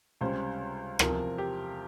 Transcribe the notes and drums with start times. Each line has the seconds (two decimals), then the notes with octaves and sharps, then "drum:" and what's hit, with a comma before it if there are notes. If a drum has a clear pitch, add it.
0.21 C#2 C3 G3 C#4 C5
0.99 E2 C3 F3 C4 A#4, drum: rim click
1.38 G4